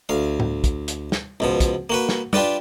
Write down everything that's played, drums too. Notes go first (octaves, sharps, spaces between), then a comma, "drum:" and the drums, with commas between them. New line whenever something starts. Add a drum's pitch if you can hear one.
D2 F5
drum: tom A2
drum: kick, hi-hat
drum: hi-hat
drum: snare
C#2 B2 F3
drum: kick, hi-hat
A#3 F#4 B4
drum: snare
D4 F4 G4 B4 D5, drum: tom G3